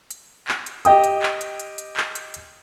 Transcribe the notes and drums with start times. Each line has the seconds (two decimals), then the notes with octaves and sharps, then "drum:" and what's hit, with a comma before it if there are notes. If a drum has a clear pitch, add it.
0.11 drum: hi-hat
0.48 drum: clap
0.66 drum: hi-hat
0.85 G4 D#5 G5 D#6, drum: hi-hat
1.04 drum: hi-hat
1.22 drum: clap
1.41 drum: hi-hat
1.60 drum: hi-hat
1.78 drum: hi-hat
1.97 drum: clap
2.15 drum: hi-hat
2.34 drum: hi-hat